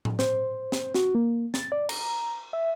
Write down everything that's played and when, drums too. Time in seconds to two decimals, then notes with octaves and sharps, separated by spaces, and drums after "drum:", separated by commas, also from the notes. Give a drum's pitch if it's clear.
0.05 drum: tom A2
0.19 C5, drum: snare
0.72 drum: snare
0.94 F#4, drum: snare
1.15 A#3
1.54 A6, drum: snare
1.72 D5
1.89 A#5, drum: cymbal
2.53 E5